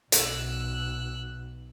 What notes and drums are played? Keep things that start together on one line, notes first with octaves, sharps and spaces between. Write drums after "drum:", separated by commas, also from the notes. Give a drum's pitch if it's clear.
B1 E6 F#6, drum: hi-hat